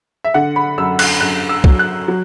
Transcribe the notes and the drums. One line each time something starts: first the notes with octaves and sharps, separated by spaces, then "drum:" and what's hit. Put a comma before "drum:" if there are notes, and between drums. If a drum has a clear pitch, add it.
E5
D3 F#5
B5
F#2 E6
F#6, drum: cymbal
F#2 F#6
E6
F#3, drum: kick
F#6
F#3